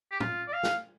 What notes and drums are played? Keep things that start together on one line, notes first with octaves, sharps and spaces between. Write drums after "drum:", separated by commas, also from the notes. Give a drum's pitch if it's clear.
G4
F4, drum: tom
D5
F5
drum: snare